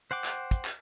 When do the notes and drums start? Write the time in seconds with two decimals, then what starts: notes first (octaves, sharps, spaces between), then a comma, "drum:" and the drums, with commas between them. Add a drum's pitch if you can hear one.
0.11 C5 F#5 G5 D6
0.24 drum: clap
0.51 drum: kick, hi-hat
0.65 drum: clap